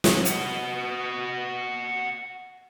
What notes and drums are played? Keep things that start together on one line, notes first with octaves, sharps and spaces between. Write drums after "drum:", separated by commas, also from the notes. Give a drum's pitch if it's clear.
drum: snare
F#4 D#5, drum: hi-hat